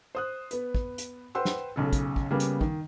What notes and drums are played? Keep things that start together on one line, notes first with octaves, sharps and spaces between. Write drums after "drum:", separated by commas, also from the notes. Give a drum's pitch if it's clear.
C5 D#6 F#6
B3 B4, drum: hi-hat
drum: kick
drum: hi-hat
B4 C5 F#5 G5 C6 E6
drum: snare
B1 C#3 A4
drum: kick, hi-hat
drum: kick
C#3 G3 A#3 B3
drum: hi-hat
D#3, drum: kick